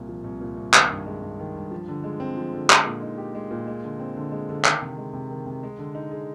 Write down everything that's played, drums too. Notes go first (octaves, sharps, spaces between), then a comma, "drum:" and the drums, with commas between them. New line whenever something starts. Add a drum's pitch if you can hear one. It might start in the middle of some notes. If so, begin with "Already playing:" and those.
Already playing: C2 A#2
F3
C2
A#2
C2
D#3, drum: clap
G2
G#3
G2
D#3
G2
F3
D3
G#3
C4
F3
D3
G#3, drum: clap
A#2
D#4
G4
G#3
A#2
G#3
D3
C4
D3
G#3
D3
D#3, drum: clap
C3
G#3
C3
D#3
C3
G#3
D3
D#4
G#4